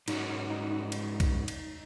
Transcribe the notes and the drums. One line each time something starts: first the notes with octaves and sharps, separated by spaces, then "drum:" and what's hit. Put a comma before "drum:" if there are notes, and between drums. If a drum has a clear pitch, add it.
G#2 G#3 C#4 D#4 F#4, drum: cymbal
D#4
D#4
D#4
drum: cymbal
drum: kick B1, cymbal
drum: cymbal